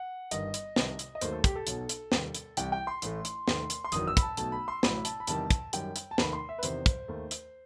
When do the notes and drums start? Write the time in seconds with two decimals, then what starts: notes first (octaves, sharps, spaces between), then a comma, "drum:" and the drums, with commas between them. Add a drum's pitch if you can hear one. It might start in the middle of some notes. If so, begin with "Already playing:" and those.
Already playing: F#5
0.31 G1 G2 D#3 D#5, drum: hi-hat
0.54 drum: hi-hat
0.76 C2 C3 D#3, drum: snare
0.99 drum: hi-hat
1.15 D#5
1.21 D#2 D#3 F#3 A3 C5, drum: hi-hat
1.33 A4
1.44 G4, drum: kick, hi-hat
1.56 A4
1.67 B1 B2 F#3, drum: hi-hat
1.89 drum: hi-hat
2.12 D#2 D#3 G3, drum: snare
2.35 drum: hi-hat
2.57 C2 C3 E3 G5, drum: hi-hat
2.72 G5
2.87 C6
3.02 A1 A2 E3 A3, drum: hi-hat
3.25 drum: hi-hat
3.48 D#2 D#3 A3, drum: snare
3.70 drum: hi-hat
3.84 C6
3.92 F#1 E2 D#3 F#3 D#6, drum: hi-hat
4.07 E6
4.17 B5, drum: kick, hi-hat
4.22 A5
4.37 B1 B2 A3 A5, drum: hi-hat
4.52 B5
4.68 C6
4.83 A1 A2 F#3 B5, drum: snare
5.05 A5, drum: hi-hat
5.20 B5
5.27 E2 C3 D#3 G3 A5, drum: hi-hat
5.51 drum: kick, hi-hat
5.73 F#2 D#3 G3 G5, drum: hi-hat
5.96 drum: hi-hat
6.11 A5
6.18 D#2 D#3 A3 B5, drum: snare
6.33 C6
6.49 E5
6.59 B4
6.63 E2 C3 D#3 C5, drum: hi-hat
6.86 drum: kick, hi-hat
7.08 D#2 D#3 A3
7.31 drum: hi-hat